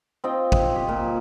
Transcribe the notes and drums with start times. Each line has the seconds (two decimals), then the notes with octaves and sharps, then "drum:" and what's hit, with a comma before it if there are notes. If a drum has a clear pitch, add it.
0.24 C4 F4 D#5 G5
0.52 D#5, drum: kick
0.75 G4
0.89 A#2